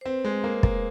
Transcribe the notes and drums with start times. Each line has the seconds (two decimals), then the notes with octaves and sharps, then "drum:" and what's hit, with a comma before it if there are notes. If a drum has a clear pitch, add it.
0.01 C5
0.05 C4 B4
0.25 G#3
0.44 A#3 A#4
0.63 A#3, drum: kick